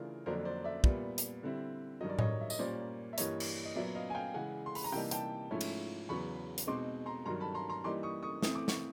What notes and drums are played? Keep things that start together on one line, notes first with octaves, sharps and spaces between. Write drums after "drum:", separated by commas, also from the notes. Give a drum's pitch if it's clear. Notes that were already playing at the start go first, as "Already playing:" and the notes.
Already playing: C#3 E3 A3 D4 F4 A#4
F2 D3 F#3 A#3 D4 A#4 C5
C5 D5
D5 E5
A#2 G3 B3, drum: kick
drum: hi-hat
D3 G3 C4 E4
G2 D#3 F#3 D#5
D5
C#5 D#5, drum: tom A2
E5
D#5, drum: tambourine
A#2 G3 A#3 C#4 C5 D5
E5
G2 E3 G3 A#3 C#5 D#5, drum: hi-hat
drum: cymbal
D#5
A#2 F#3 B3 D5 E5
D#5 F5
G#5
F5 G5
C#3 E3 G#3 F#5 G#5
C6
B5, drum: open hi-hat
A#5
C3 E3 G3 A#3 D#4 G5 A5
G5 A5, drum: hi-hat
G#2 F3 A3 C#4 E4
drum: cymbal
E2 C#3 F#3 B3 B5 C#6
drum: hi-hat
B2 G#3 C4 D#4 C6 D6
A#5 C6
G2 D#3 F#3 A#5 C6
A5 B5
A#5 C6
A#5 C6
E3 G3 A#3 D#4 C6 D6
C#6 D#6
C#6 D#6
E3 A3 C4 D#6, drum: snare
D6
C#6, drum: snare